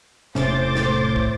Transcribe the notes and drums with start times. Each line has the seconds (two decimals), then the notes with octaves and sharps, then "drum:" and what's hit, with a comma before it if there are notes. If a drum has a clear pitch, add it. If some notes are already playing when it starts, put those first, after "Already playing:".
0.35 E1 A2 C3 C#4 C5 D6 A6, drum: snare
0.76 drum: snare
1.16 drum: kick